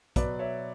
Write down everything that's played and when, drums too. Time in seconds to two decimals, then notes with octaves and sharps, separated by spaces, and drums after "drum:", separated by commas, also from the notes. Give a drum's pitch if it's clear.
0.16 B2 F#3 B4 D5, drum: kick, hi-hat
0.39 C#5 E5